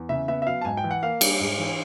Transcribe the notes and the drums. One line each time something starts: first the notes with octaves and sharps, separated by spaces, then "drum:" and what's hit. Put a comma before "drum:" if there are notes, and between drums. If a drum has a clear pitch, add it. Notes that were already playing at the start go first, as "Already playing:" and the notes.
Already playing: E2
C#3 E5
B3 E5
E5
F#3 F5
A5
G#2 G#5
G5
E3
F#5
A#3 F5
G3, drum: cymbal
G#2
E3